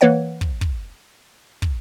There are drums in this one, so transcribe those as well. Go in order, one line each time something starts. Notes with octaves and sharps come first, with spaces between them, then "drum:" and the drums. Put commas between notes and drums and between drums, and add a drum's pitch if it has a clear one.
E3 A#3 B4 C#5 F#5
drum: kick
drum: kick
drum: kick